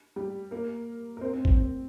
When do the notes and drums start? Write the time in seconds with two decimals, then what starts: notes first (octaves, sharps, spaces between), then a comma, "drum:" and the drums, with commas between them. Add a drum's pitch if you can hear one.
0.16 G3 G4
0.51 A#3 A#4
1.17 A#4
1.21 C4 C5
1.33 C4
1.45 C4, drum: kick
1.56 C4